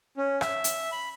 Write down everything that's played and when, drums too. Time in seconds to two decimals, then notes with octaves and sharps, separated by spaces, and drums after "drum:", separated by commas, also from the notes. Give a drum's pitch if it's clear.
0.17 C#4
0.41 E5, drum: rim click
0.64 drum: hi-hat
0.92 B5